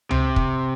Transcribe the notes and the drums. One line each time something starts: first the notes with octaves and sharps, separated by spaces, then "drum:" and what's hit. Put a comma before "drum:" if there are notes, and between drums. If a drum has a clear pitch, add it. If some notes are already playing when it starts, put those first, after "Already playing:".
C3, drum: tom C#2
drum: kick